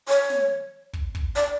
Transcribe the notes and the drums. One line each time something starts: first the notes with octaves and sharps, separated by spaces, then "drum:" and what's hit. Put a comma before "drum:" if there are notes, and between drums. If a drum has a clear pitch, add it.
C#5
drum: snare
drum: kick
drum: kick
D5